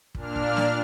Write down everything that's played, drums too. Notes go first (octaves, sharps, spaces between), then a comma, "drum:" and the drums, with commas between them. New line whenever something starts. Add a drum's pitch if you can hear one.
A#2 D4 F6, drum: kick
drum: kick
drum: snare